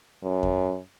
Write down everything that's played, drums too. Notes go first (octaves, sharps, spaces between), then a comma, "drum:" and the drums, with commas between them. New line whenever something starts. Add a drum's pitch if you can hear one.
F#2
drum: kick E2